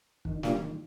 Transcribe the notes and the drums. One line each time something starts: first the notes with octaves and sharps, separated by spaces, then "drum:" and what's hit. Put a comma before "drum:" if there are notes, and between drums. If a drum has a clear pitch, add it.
D#3, drum: kick
G3 A#3 D4 F4, drum: snare
D#3